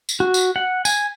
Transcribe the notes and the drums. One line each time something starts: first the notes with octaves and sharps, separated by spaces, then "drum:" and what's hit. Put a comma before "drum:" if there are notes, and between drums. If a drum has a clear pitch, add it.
drum: tambourine
F#4
drum: tambourine
F#5
G#5, drum: tambourine